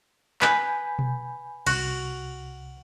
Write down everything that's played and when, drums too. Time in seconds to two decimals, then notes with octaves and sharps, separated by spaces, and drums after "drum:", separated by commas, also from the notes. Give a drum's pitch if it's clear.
0.42 B4 G#5 B5 G6, drum: clap
0.99 drum: tom B2
1.66 C2 F#4, drum: cymbal